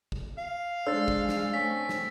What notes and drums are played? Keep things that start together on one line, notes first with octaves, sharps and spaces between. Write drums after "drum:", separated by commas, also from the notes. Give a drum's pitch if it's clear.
drum: kick
F5
G#3 D4 C5 E6 A6
drum: kick
drum: snare
A3 C4 C#4 B6
drum: snare